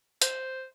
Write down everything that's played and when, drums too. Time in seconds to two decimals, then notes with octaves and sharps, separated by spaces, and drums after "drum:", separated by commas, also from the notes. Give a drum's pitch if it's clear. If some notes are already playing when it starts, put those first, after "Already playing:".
0.22 C5, drum: hi-hat